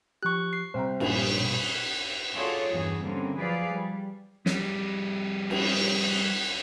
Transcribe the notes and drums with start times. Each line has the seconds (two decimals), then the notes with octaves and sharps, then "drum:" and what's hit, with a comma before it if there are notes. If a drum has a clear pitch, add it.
0.23 F3 G4 C#6 F#6
0.53 C7
0.74 C2 C5 G5 A#5
1.00 A#1 G2 A#2, drum: cymbal
1.40 B2
2.35 F4 F#4 G#4 A4 C#5 D5
2.73 E2 G2 F#4 G#4
3.02 D3 G3 A#3 C4 C#4
3.36 F3 F#3 G#4 B4 D5 F5
3.71 G3
4.46 F2 G3, drum: snare
5.50 drum: cymbal